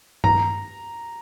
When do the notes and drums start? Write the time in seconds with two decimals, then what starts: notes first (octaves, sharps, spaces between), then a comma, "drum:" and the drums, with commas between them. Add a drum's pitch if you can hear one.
0.24 A#5, drum: tom G2